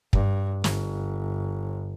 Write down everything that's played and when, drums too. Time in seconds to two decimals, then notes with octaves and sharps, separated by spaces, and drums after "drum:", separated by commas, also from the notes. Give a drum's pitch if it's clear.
0.13 G2, drum: kick
0.64 G1, drum: snare